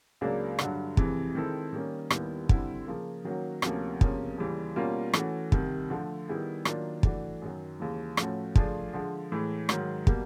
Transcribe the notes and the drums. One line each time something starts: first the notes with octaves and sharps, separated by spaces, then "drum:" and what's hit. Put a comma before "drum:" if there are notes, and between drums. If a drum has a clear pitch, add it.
C#2 C#3 F#3 A#3 D4
G2 D3 F#3, drum: rim click
F2 C3 E3 G#3, drum: kick
D#3 G#3 C4 E4 A4
D#3 G3 A#3 C#4
D#2 D#3 G3 B3 E4, drum: rim click
D3 G3 C4 E4, drum: kick
C#3 F3 A#3
D#3 F#3 A#3 C#4 F#4
D2 C3 F3 A#3 C#4, drum: rim click
E2 C3 F3 A#3 C#4, drum: kick
D#2 C#3 E3 G3
B2 G3 A#3 C#4 F4
E3 A3 C#4 F#4, drum: rim click
C2 C3 D#3, drum: kick
D3 F3 A3
D#3 G3 B3 E4 G#4
D#3 F#3 A#3 D4 F4, drum: rim click
E3 A3 D4 F#4, drum: kick
F#2 D#3 F#3
D#2 C#3 E3 G#3
A2 F3 A3 C#4 F#4, drum: rim click
F3 A3 D4 F4 G#4, drum: kick
D3 F3 G#3
A2 E3 G#3
G#2 D#3 F#3, drum: rim click
B2 G3 A#3, drum: kick